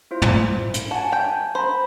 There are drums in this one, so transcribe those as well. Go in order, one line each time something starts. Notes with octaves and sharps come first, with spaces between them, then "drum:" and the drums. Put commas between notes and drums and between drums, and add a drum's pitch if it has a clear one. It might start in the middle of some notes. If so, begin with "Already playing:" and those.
E4 F4 C5
drum: tom
drum: hi-hat
F#4 G#5 A5
G5
C5 A#5 B5